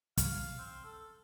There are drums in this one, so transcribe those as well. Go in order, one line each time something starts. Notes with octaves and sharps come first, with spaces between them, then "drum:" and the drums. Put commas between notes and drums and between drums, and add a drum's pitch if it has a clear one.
F5, drum: kick, hi-hat
C4
A4